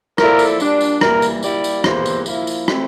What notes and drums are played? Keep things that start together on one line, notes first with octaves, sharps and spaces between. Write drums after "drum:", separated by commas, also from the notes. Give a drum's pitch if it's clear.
F3 A#3 E4 A4 A#4 D5, drum: rim click
drum: tambourine
A#2 G3 D4, drum: tambourine
drum: tambourine
E3 G3 A#3 A#4, drum: rim click
drum: tambourine
G3 A#3 E4 G4 D5, drum: tambourine
drum: tambourine
E2 E3 A#3 E4 G4 C5, drum: rim click
drum: tambourine
F3 A#3 E4, drum: tambourine
drum: tambourine
E3 A3 C4, drum: rim click